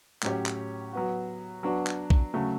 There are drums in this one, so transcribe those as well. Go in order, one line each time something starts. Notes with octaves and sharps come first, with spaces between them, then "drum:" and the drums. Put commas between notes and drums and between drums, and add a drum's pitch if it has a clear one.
A2 F#3 C#4 G4 C#5, drum: clap
drum: clap
F#3 B3 F#4
F#3 B3 D4 F#4
drum: clap
drum: kick A#1
C#3 F#3 A3